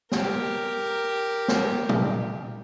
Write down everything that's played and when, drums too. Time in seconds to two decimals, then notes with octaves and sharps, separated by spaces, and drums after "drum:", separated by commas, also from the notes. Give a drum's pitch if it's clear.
0.12 G4 A#4, drum: snare
1.48 drum: snare
1.89 drum: tom